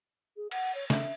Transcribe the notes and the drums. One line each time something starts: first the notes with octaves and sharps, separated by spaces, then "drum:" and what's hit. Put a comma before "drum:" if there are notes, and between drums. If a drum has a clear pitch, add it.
G#4
F#5, drum: cymbal
C#5
E5, drum: snare